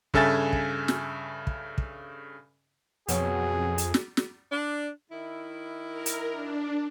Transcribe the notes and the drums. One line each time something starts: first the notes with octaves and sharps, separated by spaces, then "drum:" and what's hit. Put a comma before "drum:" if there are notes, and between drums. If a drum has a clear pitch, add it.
G2 C#3 A4 E5 G#5 A6, drum: kick
drum: kick
drum: snare
drum: kick
drum: kick
F2 B2 F#3 G#4, drum: hi-hat
drum: hi-hat
drum: snare
drum: snare
D4
D#3 E4
A#4
drum: hi-hat
D4